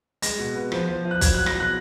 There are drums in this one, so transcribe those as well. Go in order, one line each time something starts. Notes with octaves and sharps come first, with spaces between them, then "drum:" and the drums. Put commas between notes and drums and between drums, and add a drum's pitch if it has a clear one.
G#3 A#6, drum: hi-hat
B2
B3
F3, drum: rim click
F3
F3
F#6
F#3 G#6, drum: kick B1, hi-hat
F#6
F#3
A#6, drum: rim click
B2
F#6